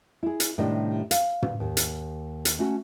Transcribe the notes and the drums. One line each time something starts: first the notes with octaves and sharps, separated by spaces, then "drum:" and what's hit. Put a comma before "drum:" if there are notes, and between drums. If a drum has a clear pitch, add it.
E4 G#4
drum: hi-hat
A2 C3 D#3 G3 D4 D#5
F5, drum: hi-hat
drum: tom
D#2
drum: hi-hat
drum: hi-hat
A3 C#4 F#4